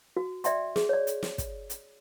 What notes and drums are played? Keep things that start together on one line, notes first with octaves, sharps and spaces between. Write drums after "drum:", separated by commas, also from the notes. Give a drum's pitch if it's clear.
F#4
D5 E5 G5 C6, drum: hi-hat
G#4, drum: snare
C#5 D5
drum: hi-hat
drum: snare
drum: kick, hi-hat
drum: hi-hat